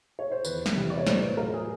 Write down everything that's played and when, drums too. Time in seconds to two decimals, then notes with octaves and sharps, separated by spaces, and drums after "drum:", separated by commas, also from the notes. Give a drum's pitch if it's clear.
0.19 C#5
0.32 C5
0.45 E2 B4, drum: tambourine
0.66 drum: snare
0.75 C3 E3 G3
0.90 D5
0.98 C#5
1.07 A2 C5, drum: snare
1.22 B4
1.37 F#3 A#4
1.54 G#4